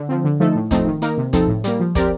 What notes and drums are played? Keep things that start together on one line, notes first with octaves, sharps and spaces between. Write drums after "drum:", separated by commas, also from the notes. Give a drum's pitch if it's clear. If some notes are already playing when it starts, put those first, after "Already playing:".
Already playing: D3
F3 C4
D3
F3 A3 D#4 A4
A2
F3 A3 C4 D#4, drum: kick, hi-hat
D#3
A#3 D#4 A#4, drum: hi-hat
C3
F3 C4 D#4 A4, drum: kick, hi-hat
A2
G3 A#3, drum: hi-hat
F3
C4 G4 A#4 D5, drum: kick, hi-hat